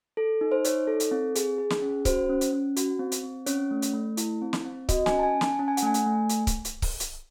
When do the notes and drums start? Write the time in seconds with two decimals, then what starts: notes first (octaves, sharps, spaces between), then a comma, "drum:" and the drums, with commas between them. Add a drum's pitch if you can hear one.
0.17 A4
0.41 D#4
0.52 C5
0.64 D#4 C#5, drum: hi-hat
0.87 A4
1.00 drum: hi-hat
1.11 C4
1.35 G#4, drum: hi-hat
1.58 G#4
1.70 drum: snare
1.82 C#4
2.05 F#4 C5, drum: kick C#1, hi-hat
2.29 C#4
2.41 drum: hi-hat
2.53 C#4
2.76 F#4, drum: hi-hat
2.99 C4
3.12 drum: hi-hat
3.23 C4
3.46 C#4 C#5, drum: hi-hat
3.71 A3
3.82 drum: hi-hat
3.94 A3
4.17 E4, drum: hi-hat
4.42 C4
4.53 drum: snare
4.65 C4
4.89 F#4 D#5, drum: kick C#1, hi-hat
5.06 G#5, drum: snare
5.12 C#4
5.19 A5
5.23 G#5
5.35 C#4
5.41 A5, drum: snare
5.59 C#4 A5
5.68 G#5
5.77 F#5, drum: hi-hat
5.83 A3 G#5
5.94 drum: hi-hat
6.06 A3
6.29 drum: hi-hat
6.47 drum: kick C#1, hi-hat
6.65 drum: hi-hat
6.82 drum: kick C#1, open hi-hat
7.00 drum: hi-hat